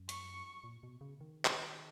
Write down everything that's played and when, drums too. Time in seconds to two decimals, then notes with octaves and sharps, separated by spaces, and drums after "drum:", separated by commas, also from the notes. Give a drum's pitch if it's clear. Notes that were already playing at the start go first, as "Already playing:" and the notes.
Already playing: F#2
0.09 C#6, drum: hi-hat
0.64 A#2
0.83 B2
1.01 C#3
1.21 D#3
1.45 drum: clap